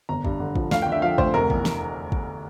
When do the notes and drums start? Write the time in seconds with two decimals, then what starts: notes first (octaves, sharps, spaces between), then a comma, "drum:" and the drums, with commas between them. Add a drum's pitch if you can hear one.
0.09 G1 A#5
0.24 G2, drum: kick
0.40 D3
0.55 F3, drum: kick
0.71 D2 F5, drum: snare
0.82 D3 G5
0.92 E5
1.02 F3 F5
1.18 D2 C5, drum: kick
1.34 F1 A#4
1.50 E2, drum: kick
1.65 drum: snare
2.12 drum: kick